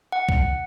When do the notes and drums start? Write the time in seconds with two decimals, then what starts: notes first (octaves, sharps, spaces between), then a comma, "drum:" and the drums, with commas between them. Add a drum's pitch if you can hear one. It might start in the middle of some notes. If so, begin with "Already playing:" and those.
0.12 F#5
0.29 drum: kick C2